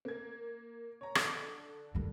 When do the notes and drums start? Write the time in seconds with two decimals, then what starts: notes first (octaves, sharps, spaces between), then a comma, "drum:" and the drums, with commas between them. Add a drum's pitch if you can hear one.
0.05 A#3 G#6
1.01 C#5 A#5
1.15 D3, drum: rim click
1.95 D#3 G3